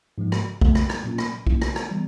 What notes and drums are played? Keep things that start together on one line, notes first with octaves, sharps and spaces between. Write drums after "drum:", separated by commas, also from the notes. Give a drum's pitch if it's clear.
G#2 F3 G#3
drum: rim click
F2 C#3 F#3 A3, drum: kick
drum: rim click
drum: rim click
A#2 F#3 A#3 C#4 F4
drum: rim click
F#3 A#3 C#4 E4, drum: kick
drum: rim click
drum: rim click
E3 G3 B3